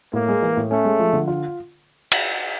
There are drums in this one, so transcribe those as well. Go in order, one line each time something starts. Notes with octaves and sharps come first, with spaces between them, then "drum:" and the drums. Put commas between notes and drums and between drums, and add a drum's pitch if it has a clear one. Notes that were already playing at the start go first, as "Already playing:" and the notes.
A2 A#3
G#3
E3
A2
A3 C#4
G#3
F3
D3
F4
drum: cymbal